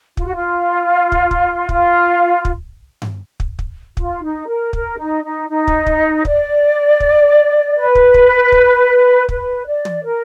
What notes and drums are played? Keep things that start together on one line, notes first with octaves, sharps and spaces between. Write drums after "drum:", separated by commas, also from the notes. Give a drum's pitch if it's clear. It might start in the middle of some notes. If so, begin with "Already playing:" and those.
F4, drum: kick
F#4
F4
drum: kick
drum: kick
F4, drum: kick
drum: kick
drum: tom G2
drum: kick
drum: kick
F4, drum: kick
D#4
A#4
A#4, drum: kick
D#4
D#4
D#4
drum: kick
drum: kick
D5, drum: kick
drum: kick
B4
drum: kick
drum: kick
drum: kick
B4, drum: kick
D5
drum: tom
A#4